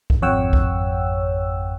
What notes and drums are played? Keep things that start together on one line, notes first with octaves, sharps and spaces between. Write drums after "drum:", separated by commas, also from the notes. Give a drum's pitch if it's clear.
drum: kick B1
G#1 F2 C#5 F#5 G5 E6
drum: kick B1